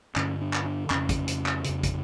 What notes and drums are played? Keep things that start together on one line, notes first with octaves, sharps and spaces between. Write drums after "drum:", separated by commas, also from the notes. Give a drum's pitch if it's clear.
G2 D3 C#4, drum: clap
D4
drum: clap
D4
F2 C#3 C#4, drum: clap
drum: kick, hi-hat
drum: hi-hat
drum: clap
F2 C#3, drum: hi-hat
drum: kick, hi-hat